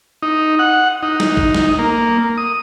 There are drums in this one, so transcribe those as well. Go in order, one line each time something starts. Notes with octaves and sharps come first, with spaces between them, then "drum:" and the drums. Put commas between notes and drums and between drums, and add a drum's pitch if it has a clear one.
D#4
F#5
D#4
drum: snare
drum: kick A1
drum: snare
A#3
D#6